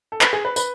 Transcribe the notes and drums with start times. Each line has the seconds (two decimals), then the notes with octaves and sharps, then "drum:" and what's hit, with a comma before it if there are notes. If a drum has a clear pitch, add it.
0.12 A4
0.21 B4, drum: clap
0.33 G#4
0.45 B4
0.56 B4, drum: tambourine